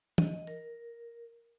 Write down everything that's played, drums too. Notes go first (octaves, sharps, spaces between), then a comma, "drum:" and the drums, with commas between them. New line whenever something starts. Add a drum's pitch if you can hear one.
D#5, drum: tom
A#4